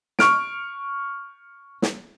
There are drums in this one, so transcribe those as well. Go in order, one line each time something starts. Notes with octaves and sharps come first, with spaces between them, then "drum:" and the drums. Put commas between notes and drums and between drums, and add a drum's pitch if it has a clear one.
C#6 F6 D7, drum: snare
drum: snare